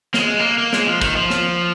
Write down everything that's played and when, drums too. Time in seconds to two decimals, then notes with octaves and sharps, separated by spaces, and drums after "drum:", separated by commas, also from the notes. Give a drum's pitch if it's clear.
0.14 A#3, drum: snare
0.20 G#3
0.39 A#3
0.58 A#3
0.73 G#3, drum: snare
0.87 F3
1.01 D#3, drum: kick, tambourine
1.16 F3
1.30 drum: snare